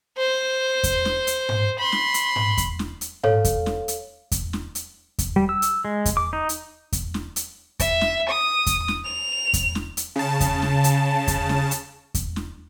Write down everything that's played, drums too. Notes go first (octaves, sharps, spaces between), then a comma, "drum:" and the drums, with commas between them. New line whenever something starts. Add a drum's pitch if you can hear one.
C5
drum: kick E2, hi-hat
drum: snare
drum: hi-hat
drum: tom G#2
B5 C6
drum: snare
drum: hi-hat
drum: tom G#2
drum: kick E2, hi-hat
drum: snare
drum: hi-hat
A4 C#5 F5, drum: tom G#2
drum: kick E2, hi-hat
drum: snare
drum: hi-hat
drum: kick E2, hi-hat
drum: snare
drum: hi-hat
drum: kick E2, hi-hat
G3
E6
drum: hi-hat
G#3
drum: kick E2, hi-hat
D6
D#4
drum: hi-hat
drum: kick E2, hi-hat
drum: snare
drum: hi-hat
E5, drum: kick E2, hi-hat
drum: snare
D#6
drum: kick E2, hi-hat
drum: snare
F7
drum: kick E2, hi-hat
drum: snare
drum: hi-hat
C#3 A5
drum: kick E2, hi-hat
drum: snare
drum: hi-hat
drum: kick E2, hi-hat
drum: snare
drum: hi-hat
drum: kick E2, hi-hat
drum: snare